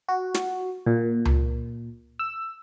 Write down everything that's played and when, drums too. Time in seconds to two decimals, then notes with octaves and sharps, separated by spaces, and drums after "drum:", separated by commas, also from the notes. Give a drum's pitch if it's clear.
0.08 F#4
0.34 drum: snare
0.86 A#2
1.25 drum: tom C#2
2.19 E6